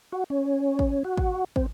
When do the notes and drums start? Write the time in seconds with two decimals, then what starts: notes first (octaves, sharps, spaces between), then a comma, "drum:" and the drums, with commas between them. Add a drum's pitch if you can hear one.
0.12 F#4
0.30 C#4
0.79 drum: kick
1.04 F#4
1.17 drum: kick
1.56 C4, drum: kick